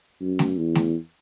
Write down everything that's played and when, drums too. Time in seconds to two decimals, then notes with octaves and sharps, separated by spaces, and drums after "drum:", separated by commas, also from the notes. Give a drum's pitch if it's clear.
0.21 F#2
0.39 drum: snare A3
0.58 E2
0.75 drum: snare A3